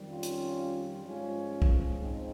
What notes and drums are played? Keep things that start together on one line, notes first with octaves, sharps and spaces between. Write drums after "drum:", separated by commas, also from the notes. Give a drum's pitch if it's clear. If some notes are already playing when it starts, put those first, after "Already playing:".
Already playing: F2 D#3 G3
C#4 F4
drum: hi-hat
G#2 F3 G#3 C#4 F4
drum: kick
C4 D#4